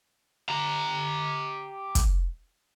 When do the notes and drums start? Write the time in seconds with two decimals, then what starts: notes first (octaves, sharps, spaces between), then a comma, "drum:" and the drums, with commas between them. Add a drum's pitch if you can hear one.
0.49 G4 A#5
1.95 drum: kick, hi-hat